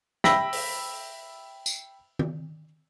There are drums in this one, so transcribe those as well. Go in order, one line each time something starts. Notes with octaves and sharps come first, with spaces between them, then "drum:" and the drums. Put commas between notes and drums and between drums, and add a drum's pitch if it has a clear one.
E5 G5 B5 E6 A#6 B6, drum: snare
drum: open hi-hat
drum: tambourine
drum: tom